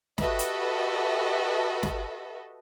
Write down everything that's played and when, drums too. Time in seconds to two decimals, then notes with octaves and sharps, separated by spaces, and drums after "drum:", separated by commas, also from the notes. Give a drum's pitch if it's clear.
0.18 F#4 G4 A4 B4 D#5 E5, drum: snare
0.39 drum: hi-hat
1.83 drum: snare